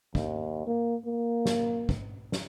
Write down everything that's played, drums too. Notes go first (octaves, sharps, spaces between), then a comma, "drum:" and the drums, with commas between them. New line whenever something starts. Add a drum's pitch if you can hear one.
D#2, drum: kick
A#3
A#3
drum: snare
drum: kick
drum: snare